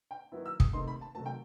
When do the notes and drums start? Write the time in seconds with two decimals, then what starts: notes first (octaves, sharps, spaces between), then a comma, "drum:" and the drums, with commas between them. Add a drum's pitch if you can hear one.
0.11 G5
0.32 D#3 F#3 B3 E4
0.46 E6
0.60 D#6, drum: kick
0.73 C3 D#3 A3 D#4 C6
0.88 B5
1.01 A5
1.15 C3 D#3 F#3 A3 A5
1.26 G5